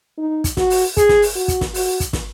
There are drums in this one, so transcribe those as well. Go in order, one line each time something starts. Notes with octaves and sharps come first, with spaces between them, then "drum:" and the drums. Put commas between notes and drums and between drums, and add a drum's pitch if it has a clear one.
D#4
drum: kick, hi-hat
F#4, drum: snare
drum: open hi-hat
G#4, drum: kick, hi-hat
drum: snare
drum: open hi-hat
F#4
drum: kick, hi-hat
drum: snare
F#4, drum: open hi-hat
drum: kick, hi-hat
drum: snare